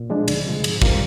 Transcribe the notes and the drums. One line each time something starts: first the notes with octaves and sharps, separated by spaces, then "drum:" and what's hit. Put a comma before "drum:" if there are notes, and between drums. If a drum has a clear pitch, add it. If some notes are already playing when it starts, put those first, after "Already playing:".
Already playing: A#2
F3 G#3 D4
D2, drum: cymbal
C3 F3 G#3
G#2, drum: cymbal
G3 C4 F4 A#4, drum: kick